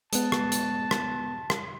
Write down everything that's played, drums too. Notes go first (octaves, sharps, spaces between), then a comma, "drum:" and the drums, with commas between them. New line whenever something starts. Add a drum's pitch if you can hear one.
G#3 B3 A5, drum: hi-hat
drum: rim click
drum: hi-hat
drum: rim click
drum: rim click